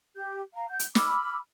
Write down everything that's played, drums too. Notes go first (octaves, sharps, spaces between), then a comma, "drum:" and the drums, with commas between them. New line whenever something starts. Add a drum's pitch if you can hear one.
G4 G6
F5 A#5
F#5 G6
drum: hi-hat
B5 D6 E6 F6, drum: snare